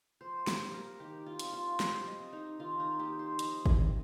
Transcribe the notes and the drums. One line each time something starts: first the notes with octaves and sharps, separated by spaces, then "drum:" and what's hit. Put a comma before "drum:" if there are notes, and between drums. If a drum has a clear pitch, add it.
F3 C5
G4, drum: snare
A#3
A#4
D#3 G4
F4
G3 C4, drum: hi-hat
F4
F3 G4, drum: snare
D#5
C4
D#4
D#3 F4
D#4
A#3 G4
C5
F3 D#5, drum: hi-hat
D#5, drum: kick G#1
C4